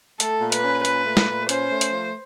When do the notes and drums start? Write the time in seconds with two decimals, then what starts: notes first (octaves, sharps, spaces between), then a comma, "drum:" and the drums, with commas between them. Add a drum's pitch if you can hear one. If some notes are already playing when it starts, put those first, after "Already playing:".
0.20 A3 A4, drum: hi-hat
0.41 A#2
0.52 B4, drum: hi-hat
0.63 C#4
0.85 A#2 B4, drum: hi-hat
1.06 A3
1.17 drum: snare
1.28 A#2
1.49 C#4 C5, drum: hi-hat
1.70 A3
1.81 drum: hi-hat
1.92 F3